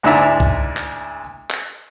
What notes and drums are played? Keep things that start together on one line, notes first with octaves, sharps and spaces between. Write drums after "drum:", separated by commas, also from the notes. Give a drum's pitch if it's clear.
D2 G#2 D4 E4 E5 A#5
drum: kick B1
drum: clap
drum: clap